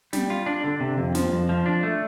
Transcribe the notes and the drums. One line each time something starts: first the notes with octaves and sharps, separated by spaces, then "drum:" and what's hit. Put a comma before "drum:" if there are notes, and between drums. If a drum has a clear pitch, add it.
G3, drum: snare
F4
D4
D3
C3
F2
F3, drum: snare
F2
F3
D4
A3